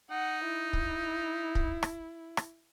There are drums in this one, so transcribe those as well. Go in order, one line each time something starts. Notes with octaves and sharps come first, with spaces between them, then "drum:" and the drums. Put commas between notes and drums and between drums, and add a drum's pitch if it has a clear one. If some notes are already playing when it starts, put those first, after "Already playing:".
D#4 F#5
E4
drum: kick
drum: kick
drum: rim click
drum: rim click